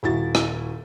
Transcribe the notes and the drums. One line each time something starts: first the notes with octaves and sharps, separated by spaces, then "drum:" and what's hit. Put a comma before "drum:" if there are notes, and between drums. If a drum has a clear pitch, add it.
D#1 E4 F#4 A6
drum: rim click